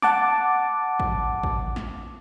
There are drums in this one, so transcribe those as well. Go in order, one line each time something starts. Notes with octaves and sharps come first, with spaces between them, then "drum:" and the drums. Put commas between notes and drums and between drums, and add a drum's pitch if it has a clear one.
F#5 A5 D6, drum: snare
drum: kick
drum: kick
drum: snare